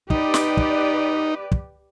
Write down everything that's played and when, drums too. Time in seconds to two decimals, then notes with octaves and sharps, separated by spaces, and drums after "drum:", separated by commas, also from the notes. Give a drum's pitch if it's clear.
0.10 D#4 G4 B4 D5, drum: kick
0.34 drum: snare
0.57 drum: kick
1.52 drum: kick